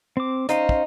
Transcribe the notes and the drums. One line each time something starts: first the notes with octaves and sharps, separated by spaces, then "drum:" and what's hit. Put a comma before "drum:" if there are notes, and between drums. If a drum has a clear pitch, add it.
C4 D6
C#4 D#4 C5 F5, drum: hi-hat
drum: kick